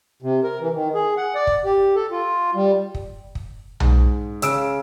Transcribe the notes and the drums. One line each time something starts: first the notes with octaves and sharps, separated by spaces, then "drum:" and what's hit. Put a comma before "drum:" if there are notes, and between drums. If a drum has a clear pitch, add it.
C3
A#4
E3
D#3
G#4
F#5
D5
drum: kick
G4
A4
F4
G3
drum: kick
drum: kick
G#2, drum: tom B1
C#3 E6 D7, drum: hi-hat